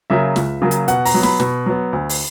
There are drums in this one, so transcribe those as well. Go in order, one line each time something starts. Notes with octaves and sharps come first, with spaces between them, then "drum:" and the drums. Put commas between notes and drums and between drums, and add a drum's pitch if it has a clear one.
C#3 F#3 A#3 E5
C#2, drum: snare
C#3 F#3 A#3
drum: hi-hat
B2 F#5, drum: hi-hat
A#5, drum: open hi-hat
F#3 B3
B5, drum: snare
B2, drum: snare
F#3 B3
D2
drum: open hi-hat